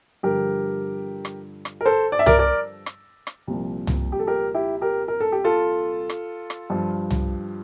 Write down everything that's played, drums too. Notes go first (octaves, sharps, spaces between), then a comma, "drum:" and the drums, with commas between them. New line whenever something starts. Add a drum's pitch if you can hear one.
G2 D3 F3 G4 A#4
drum: rim click
drum: rim click
A#4
A4 C5
D5
E5
A#4 D5, drum: tom C2
A#4 D5
drum: rim click
drum: rim click
C2 A#2 F3
drum: tom C2
G4
A4
G4 A#4
E4 G4
G4 A#4
A#4
A4
G4
F4 A4
drum: rim click
drum: rim click
G2 F3
drum: tom C2